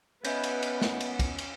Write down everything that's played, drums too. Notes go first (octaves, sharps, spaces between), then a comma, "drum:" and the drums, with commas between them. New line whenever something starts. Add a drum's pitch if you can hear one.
B3 C#4 B4 D#5 E5 G6, drum: cymbal
drum: cymbal
drum: cymbal
drum: snare
drum: cymbal
drum: kick, cymbal
drum: cymbal